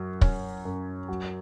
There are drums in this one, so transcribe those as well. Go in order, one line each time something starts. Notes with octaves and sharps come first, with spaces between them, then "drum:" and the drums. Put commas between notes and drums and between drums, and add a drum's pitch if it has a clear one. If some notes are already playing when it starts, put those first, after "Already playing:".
Already playing: F#2 F#3
C#4, drum: kick
F#2
F#3